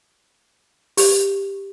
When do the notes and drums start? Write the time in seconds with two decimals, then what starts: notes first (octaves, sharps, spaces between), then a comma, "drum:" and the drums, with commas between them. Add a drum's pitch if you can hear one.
0.97 G4, drum: open hi-hat